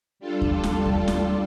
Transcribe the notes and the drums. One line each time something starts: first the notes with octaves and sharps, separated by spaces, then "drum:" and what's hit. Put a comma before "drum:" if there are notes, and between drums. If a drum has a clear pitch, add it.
G3 D4 F4 A4
drum: kick D#2
drum: snare
drum: kick D#2
drum: snare